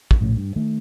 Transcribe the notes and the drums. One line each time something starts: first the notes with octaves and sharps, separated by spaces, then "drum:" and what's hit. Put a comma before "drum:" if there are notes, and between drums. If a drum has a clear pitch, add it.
drum: kick
A#1 A2 C#3
G2
D#3 A3